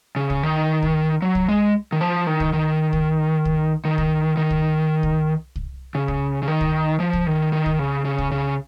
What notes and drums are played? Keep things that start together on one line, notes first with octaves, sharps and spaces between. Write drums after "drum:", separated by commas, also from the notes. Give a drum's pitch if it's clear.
C#3
drum: kick C2
D#3
drum: kick C2
F#3
drum: kick C2
G#3
D#3
F3
D#3
drum: kick C2
D#3
drum: kick C2
drum: kick C2
D#3
drum: kick C2
D#3
drum: kick C2
drum: kick C2
drum: kick C2
C#3
drum: kick C2
C#3
D#3
drum: kick C2
F3
drum: kick C2
D#3
D#3
drum: kick C2
C#3
C#3
drum: kick C2
C#3